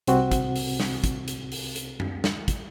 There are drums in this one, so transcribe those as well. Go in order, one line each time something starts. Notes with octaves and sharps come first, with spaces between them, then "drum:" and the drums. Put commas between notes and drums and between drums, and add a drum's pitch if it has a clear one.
C2 C3 C4 F#4 F#5, drum: hi-hat
drum: kick, hi-hat
drum: open hi-hat
drum: snare
drum: kick, hi-hat
drum: hi-hat
drum: open hi-hat
drum: hi-hat
drum: tom
drum: snare
drum: kick, hi-hat